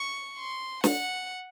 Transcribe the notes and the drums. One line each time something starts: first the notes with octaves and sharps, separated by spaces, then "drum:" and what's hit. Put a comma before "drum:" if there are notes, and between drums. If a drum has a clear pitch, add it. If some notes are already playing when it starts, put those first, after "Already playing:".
Already playing: C#6
C6
F#5, drum: snare